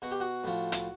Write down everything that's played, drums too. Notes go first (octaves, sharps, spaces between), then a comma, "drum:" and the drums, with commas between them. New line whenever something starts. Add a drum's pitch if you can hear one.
B2 F#4
G4
F#4
A2 F3
drum: hi-hat